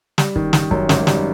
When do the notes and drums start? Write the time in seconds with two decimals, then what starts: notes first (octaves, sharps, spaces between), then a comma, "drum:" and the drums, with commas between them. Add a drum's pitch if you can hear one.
0.18 G3, drum: snare
0.36 D#3, drum: kick
0.53 D#3, drum: snare
0.71 F#2, drum: kick
0.89 G#1, drum: snare
1.07 G3, drum: snare